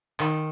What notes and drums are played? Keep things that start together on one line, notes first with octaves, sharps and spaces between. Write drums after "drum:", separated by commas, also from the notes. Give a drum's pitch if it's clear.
D#3, drum: clap